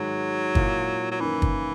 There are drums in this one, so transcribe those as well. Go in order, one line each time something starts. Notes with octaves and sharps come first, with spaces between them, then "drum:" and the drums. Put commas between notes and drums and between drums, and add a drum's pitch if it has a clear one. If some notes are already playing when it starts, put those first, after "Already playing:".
Already playing: G#2 D#3 F#3 G#3
A#2 A#3 E4, drum: kick
F#3
F#2 D#3 E3 A#3 E4
drum: kick